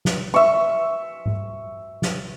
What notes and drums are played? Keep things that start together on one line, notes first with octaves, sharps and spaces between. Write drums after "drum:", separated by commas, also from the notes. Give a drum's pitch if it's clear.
drum: snare
E5 C#6
drum: tom G#2
drum: snare